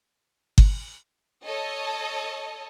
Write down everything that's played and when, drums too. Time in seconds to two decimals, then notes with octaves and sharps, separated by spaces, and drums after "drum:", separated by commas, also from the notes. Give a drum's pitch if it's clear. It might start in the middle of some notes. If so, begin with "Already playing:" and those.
0.58 drum: kick G1
1.46 A4 C#5 D#5